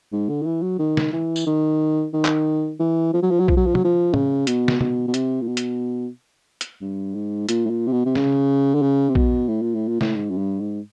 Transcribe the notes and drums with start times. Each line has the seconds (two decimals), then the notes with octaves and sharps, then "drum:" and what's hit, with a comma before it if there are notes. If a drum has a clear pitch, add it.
0.12 G#2
0.29 D3
0.42 D#3
0.46 E3
0.62 F#3
0.79 D#3
0.97 drum: snare
1.13 E3
1.36 drum: tambourine
1.46 D#3
2.13 D#3
2.25 drum: clap
2.80 E3
3.14 F3
3.22 F#3
3.31 F3
3.40 F#3
3.48 F3, drum: kick A#1
3.57 F#3
3.66 F3
3.75 F#3, drum: tom
3.84 F3
4.14 C#3, drum: tom
4.47 B2, drum: hi-hat
4.68 drum: snare
4.81 B2, drum: tom
5.08 B2
5.14 C3, drum: hi-hat
5.42 A#2
5.47 B2
5.57 drum: hi-hat
6.61 drum: hi-hat
6.81 G2
7.15 G#2
7.49 A#2, drum: hi-hat
7.66 A2
7.70 A#2
7.87 C3
7.92 B2
8.06 C3
8.15 C#3, drum: snare
8.75 D3
8.82 C#3
9.09 C3
9.15 B2, drum: kick A#1
9.49 A2
9.62 A#2
9.75 A2
9.88 A#2
10.01 A2, drum: snare
10.16 G#2
10.30 F#2
10.38 G2
10.60 G#2